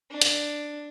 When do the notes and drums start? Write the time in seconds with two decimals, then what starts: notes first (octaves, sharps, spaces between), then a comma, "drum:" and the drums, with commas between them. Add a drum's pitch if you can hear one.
0.10 D4
0.22 drum: hi-hat